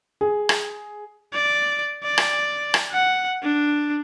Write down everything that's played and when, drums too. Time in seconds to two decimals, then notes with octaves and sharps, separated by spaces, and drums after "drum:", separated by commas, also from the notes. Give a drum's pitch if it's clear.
0.21 G#4
0.49 drum: rim click
1.33 D5
2.03 D5
2.18 drum: rim click
2.74 drum: rim click
2.92 F#5
3.42 D4